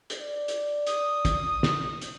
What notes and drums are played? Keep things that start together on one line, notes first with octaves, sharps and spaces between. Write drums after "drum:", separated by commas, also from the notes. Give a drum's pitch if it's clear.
drum: hi-hat
D5
drum: hi-hat
D#6, drum: hi-hat
drum: kick, hi-hat
drum: snare
drum: hi-hat